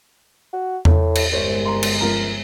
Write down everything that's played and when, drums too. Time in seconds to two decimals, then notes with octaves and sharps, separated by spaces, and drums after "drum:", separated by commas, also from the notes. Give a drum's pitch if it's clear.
0.53 F#4
0.85 A2, drum: tom E2
1.15 drum: cymbal
1.32 G1 C2 G#3 C5 C#5
1.65 A#5 C6
1.83 drum: cymbal
2.01 C#2 F3 A#4